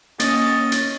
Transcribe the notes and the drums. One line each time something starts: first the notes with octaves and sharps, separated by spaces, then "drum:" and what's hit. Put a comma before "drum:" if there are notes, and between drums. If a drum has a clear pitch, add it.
A#3 C#4 D#5 A6, drum: hi-hat
drum: hi-hat